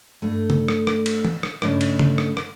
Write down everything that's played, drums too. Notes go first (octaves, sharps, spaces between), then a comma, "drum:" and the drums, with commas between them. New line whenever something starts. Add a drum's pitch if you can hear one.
G2 A3
drum: tom C#3
drum: rim click
drum: rim click
drum: cymbal
drum: tom E3
drum: rim click
G2 C#3 A3 D#5, drum: rim click
drum: cymbal
drum: tom C#3
drum: rim click
drum: rim click